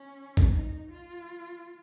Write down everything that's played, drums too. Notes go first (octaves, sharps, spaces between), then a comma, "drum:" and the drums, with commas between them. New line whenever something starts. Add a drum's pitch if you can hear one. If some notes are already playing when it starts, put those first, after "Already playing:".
Already playing: C#4
drum: kick
D#4
F4